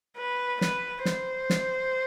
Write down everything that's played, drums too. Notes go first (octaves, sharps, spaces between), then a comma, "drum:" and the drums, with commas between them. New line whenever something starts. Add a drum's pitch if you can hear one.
B4
B4, drum: snare
C5, drum: snare
drum: snare